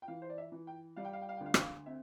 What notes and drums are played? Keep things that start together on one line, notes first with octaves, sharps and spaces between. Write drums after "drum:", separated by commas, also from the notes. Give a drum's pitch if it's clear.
G5
E3 F5
C5
D5
E5
E3
G5
G3 F5
G5
F5
G5
F5
G5
D2 F5
G5, drum: rim click
F5
C4 E5